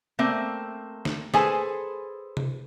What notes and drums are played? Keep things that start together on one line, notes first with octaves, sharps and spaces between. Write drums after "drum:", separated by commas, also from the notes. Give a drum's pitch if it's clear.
A3 A#3 C4 E5
drum: snare
G#4 A4 B4 C5 G#5, drum: snare
drum: tom C3